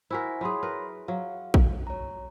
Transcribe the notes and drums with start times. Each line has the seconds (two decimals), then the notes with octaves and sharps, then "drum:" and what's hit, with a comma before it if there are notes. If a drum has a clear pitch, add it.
0.11 E4 F#4 A#4 C5 G#5 B6
0.41 F#3 G#4 C#5 B5 C6
0.63 A#4 B4
1.08 F#3 F5
1.54 drum: kick
1.87 C#5 A#5